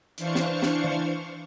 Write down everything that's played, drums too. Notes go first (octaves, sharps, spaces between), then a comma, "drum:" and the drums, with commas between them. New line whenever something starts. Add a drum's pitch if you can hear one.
E3 D4 C5 F5 C#6 C#7, drum: hi-hat
drum: snare
drum: snare
drum: tom D#3